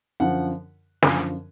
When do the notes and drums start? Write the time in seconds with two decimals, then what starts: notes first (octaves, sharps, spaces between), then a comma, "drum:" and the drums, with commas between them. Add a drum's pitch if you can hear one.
0.20 F#2 D3 F3 F#5
1.03 F#2 D3 F3 G#5, drum: snare